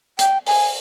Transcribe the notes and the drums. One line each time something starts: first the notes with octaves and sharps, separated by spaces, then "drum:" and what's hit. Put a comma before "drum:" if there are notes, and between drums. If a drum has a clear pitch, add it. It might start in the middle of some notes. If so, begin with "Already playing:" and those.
G5, drum: hi-hat
G#5, drum: open hi-hat